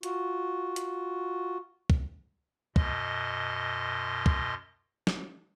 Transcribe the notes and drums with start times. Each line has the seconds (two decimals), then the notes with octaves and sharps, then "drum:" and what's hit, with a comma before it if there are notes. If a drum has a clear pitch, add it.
0.03 F4 F#4, drum: hi-hat
0.76 drum: hi-hat
1.90 drum: kick
2.76 F#2 B2 D#5 C6, drum: kick
4.26 drum: kick
5.07 drum: snare